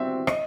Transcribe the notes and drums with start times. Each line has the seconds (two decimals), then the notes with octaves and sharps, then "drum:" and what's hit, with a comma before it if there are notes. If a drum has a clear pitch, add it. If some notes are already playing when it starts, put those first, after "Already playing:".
Already playing: G3 C4 F#4 E5
0.27 D#5, drum: rim click